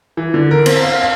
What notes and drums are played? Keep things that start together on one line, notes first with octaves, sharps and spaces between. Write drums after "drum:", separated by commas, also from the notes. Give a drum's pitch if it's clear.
E3
D3
A#4
C4, drum: cymbal
F5
F5